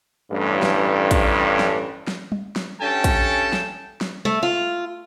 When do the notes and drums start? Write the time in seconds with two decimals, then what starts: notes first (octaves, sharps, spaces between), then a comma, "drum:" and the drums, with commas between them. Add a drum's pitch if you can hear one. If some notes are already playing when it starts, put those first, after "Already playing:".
0.30 A1 G2
0.62 drum: snare
1.11 drum: kick, hi-hat
1.59 drum: snare
2.08 drum: snare
2.32 drum: tom
2.56 drum: snare
2.80 G2 C#4 A4 G5 A5
3.04 drum: kick, hi-hat
3.53 drum: snare
4.01 drum: snare
4.25 A3, drum: tom
4.43 F4